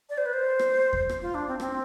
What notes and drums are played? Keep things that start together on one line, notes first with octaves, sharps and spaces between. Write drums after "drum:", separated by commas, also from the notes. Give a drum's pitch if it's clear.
D5
C5
B4
C5
drum: rim click
drum: kick E2
drum: rim click
F4
D4
C4
C4, drum: rim click